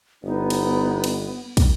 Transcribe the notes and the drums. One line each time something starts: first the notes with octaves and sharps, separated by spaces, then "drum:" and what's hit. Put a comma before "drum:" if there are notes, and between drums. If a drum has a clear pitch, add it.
G1 B3 D#4
drum: cymbal
drum: cymbal
drum: kick, cymbal